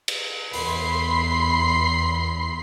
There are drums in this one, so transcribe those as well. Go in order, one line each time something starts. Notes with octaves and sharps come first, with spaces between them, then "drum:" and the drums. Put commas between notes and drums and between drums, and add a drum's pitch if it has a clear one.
drum: cymbal
E2 B5 C6 C7, drum: open hi-hat